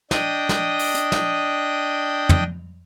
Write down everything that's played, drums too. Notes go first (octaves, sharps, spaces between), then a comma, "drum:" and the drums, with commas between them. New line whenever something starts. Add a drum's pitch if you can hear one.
D4 D#5 G5 D#6, drum: snare
drum: snare
drum: open hi-hat
drum: hi-hat
drum: snare
drum: tom